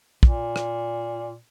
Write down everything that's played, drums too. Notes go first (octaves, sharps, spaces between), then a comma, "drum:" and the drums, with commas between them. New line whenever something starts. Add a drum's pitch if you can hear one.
A#2, drum: kick
drum: rim click